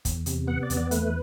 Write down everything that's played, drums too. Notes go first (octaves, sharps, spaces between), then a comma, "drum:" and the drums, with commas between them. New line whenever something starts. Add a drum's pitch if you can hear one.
E2, drum: kick, hi-hat
C3, drum: hi-hat
B3 F#5
D5
E2, drum: hi-hat
D5
A3 B4, drum: hi-hat